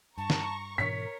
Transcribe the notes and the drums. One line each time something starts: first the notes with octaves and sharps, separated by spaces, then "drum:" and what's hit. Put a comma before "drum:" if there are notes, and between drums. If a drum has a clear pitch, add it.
G2 A5 A#5 C#6
drum: snare
G#2 B2 E3 A#4 C#5 B6